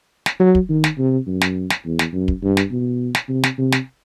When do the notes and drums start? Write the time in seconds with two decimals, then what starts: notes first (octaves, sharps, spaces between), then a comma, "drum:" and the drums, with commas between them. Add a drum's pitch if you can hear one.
0.26 drum: snare
0.40 F#3
0.55 drum: kick
0.69 D#3
0.84 drum: snare
0.98 C3
1.26 F#2
1.41 drum: snare
1.70 drum: snare
1.85 E2
1.99 drum: snare
2.13 F#2
2.28 drum: kick
2.43 G2
2.57 drum: snare
2.71 B2
3.15 drum: snare
3.29 C3
3.43 drum: snare
3.58 C3
3.72 drum: snare